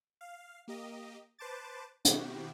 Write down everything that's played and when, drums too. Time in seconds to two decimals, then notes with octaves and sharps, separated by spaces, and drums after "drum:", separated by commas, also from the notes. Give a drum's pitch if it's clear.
0.21 F5
0.68 A#3 G4 D#5
1.39 B4 C5 A5 D6 A6
2.05 B2 D#3 C4 E4 F#4 G4, drum: hi-hat